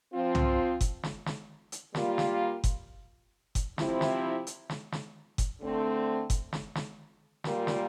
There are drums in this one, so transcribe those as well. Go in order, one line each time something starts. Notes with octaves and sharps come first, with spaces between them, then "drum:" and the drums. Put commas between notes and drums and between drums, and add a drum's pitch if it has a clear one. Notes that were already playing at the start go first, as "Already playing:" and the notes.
F3 C4 F4
drum: tom C2
drum: kick F#1, hi-hat
drum: snare
drum: snare
drum: hi-hat
G3 A#3 F4, drum: snare
drum: snare
drum: kick F#1, hi-hat
drum: kick F#1, hi-hat
C3 F3 C4 E4, drum: snare
drum: snare
drum: hi-hat
drum: snare
drum: snare
drum: kick F#1, hi-hat
D3 A3 C4
drum: kick F#1, hi-hat
drum: snare
drum: snare
A#2 G3 A#3 F4, drum: snare
drum: snare